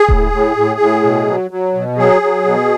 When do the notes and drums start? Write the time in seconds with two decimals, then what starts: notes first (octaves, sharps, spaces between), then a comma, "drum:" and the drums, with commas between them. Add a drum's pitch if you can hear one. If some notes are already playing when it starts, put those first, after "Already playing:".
Already playing: G#4
0.09 A2, drum: kick D#1
0.32 A2
0.56 A2
0.80 A2
1.03 B2
1.27 F#3
1.51 F#3
1.74 B2
1.98 F#3 G#4
2.22 F#3
2.45 B2